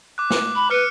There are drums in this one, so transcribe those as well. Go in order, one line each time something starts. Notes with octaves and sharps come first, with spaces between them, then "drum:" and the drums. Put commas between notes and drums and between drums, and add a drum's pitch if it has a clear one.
D6 F#6
drum: snare
B5
B4 F6 C#7